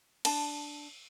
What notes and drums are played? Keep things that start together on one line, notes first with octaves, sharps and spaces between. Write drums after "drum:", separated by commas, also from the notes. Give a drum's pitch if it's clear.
D4 A5, drum: cymbal